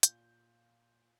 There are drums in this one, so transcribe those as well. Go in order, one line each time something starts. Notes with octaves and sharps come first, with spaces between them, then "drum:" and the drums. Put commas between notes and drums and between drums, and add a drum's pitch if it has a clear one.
A#2 G6, drum: hi-hat